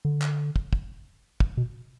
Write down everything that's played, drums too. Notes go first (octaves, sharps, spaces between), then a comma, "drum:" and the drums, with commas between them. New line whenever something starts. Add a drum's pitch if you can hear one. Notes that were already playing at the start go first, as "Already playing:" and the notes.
D3
drum: clap
drum: kick
drum: kick
drum: kick
B2